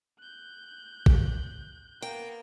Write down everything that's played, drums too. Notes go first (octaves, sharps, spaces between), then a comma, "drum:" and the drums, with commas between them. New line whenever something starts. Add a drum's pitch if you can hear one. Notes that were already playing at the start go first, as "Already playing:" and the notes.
F#6 G6
drum: kick A1
A#3 B3 G5